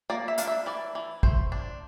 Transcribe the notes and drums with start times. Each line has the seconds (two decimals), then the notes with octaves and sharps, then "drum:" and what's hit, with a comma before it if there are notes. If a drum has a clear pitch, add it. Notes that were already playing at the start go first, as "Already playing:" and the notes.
0.10 A#3 D5
0.28 E5
0.38 D4 F5, drum: hi-hat
0.47 E5
0.66 E3 D5
0.95 E3
1.23 A3 C5, drum: kick
1.52 D4